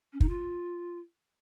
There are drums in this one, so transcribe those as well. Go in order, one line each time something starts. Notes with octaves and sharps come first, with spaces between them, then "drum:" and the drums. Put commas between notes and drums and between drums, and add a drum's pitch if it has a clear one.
C#4
D#4, drum: kick
F4